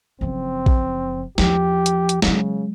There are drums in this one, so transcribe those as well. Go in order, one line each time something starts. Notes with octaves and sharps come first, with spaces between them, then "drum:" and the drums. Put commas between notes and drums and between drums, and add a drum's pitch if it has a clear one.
F#1 F3 C4
drum: kick A#1
E2 F3 G4, drum: snare
drum: hi-hat
drum: hi-hat
C#3 F#3 G#3, drum: snare